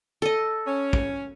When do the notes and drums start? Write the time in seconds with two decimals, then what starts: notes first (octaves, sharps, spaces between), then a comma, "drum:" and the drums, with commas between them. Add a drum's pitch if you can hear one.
0.22 A4 D#5
0.66 C#4
0.93 drum: kick